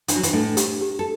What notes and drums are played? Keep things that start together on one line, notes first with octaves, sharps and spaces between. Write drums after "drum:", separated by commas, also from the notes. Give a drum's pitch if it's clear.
E3 D4, drum: hi-hat
F#3
E3, drum: hi-hat
A2 A3 D4
G4, drum: hi-hat
G4
A4